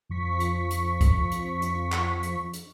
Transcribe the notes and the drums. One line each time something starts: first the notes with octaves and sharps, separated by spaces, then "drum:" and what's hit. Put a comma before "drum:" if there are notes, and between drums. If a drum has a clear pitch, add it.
F2 F3 C#6 B6
drum: hi-hat
drum: hi-hat
drum: kick C2, hi-hat
drum: hi-hat
drum: hi-hat
drum: clap
drum: hi-hat
drum: hi-hat